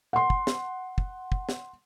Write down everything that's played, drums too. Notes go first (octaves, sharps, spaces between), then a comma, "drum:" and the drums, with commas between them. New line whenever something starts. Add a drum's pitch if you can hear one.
F#5 C6
drum: kick
drum: snare
drum: kick
drum: kick
drum: snare